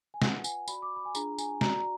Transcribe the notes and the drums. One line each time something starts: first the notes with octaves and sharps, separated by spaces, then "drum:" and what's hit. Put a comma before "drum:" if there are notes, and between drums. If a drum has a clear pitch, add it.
G#5
F4 B4 D5 F#5, drum: snare
G#5, drum: tambourine
F#4 D5 B5, drum: tambourine
D6
B5
G#5
D4 F4 G#4 A#5, drum: tambourine
G#5, drum: tambourine
F#4 D5 A#5, drum: snare
A#5